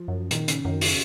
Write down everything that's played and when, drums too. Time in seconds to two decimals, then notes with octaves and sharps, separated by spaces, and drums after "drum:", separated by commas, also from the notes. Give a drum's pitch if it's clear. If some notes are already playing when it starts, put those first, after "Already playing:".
Already playing: F3
0.08 F#2
0.31 A#2 D#3, drum: hi-hat
0.48 C#3, drum: hi-hat
0.65 F#2 D#3
0.81 C#3, drum: open hi-hat